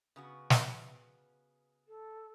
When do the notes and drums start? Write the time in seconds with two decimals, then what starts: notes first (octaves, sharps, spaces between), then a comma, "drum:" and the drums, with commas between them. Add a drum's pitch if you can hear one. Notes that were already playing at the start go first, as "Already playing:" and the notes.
0.16 C#3 B3 F#4
0.50 drum: snare
1.87 A4